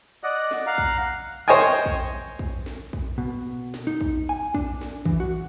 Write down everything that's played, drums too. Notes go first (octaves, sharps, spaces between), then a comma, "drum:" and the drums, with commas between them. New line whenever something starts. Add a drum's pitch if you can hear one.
D5 D#5 F#5
drum: snare
F5 F#5 A#5
drum: kick
C5 C#5 D#5 G5 G#5
drum: snare
drum: kick
drum: kick
drum: snare
drum: kick
B2
drum: snare
D#4
drum: kick
G#5
D4, drum: kick
drum: snare
E3, drum: kick
F#4